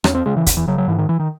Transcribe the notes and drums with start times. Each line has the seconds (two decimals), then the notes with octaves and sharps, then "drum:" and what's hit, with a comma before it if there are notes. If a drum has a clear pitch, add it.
0.04 E2 C#4, drum: rim click
0.15 C4
0.26 C#3 G#3
0.37 E3
0.46 E2, drum: kick, hi-hat
0.57 E3
0.68 C#3 F#3
0.78 F#3
0.88 G#2 E3
0.98 D#3
1.09 E3
1.20 D#3